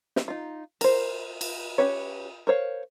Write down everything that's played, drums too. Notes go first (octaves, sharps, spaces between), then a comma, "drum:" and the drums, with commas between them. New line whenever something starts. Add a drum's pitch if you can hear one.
drum: snare
D#4 F4
A#4 C5, drum: cymbal
drum: cymbal
C#4 G4 B4 C#5
A#4 C5 C#5 F5